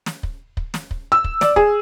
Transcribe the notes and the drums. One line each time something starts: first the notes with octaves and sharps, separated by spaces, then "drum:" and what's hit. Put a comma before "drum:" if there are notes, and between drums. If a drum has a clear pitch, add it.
drum: snare
drum: kick
drum: kick
drum: snare
drum: kick
E6
drum: kick
D5, drum: snare
G#4, drum: kick